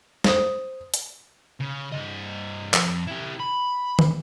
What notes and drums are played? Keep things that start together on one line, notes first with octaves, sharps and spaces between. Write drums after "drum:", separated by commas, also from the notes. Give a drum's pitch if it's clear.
C5 D#6, drum: snare
drum: hi-hat
C#3
G2 D#5
F2, drum: clap
E4 G4
B5
drum: tom D#3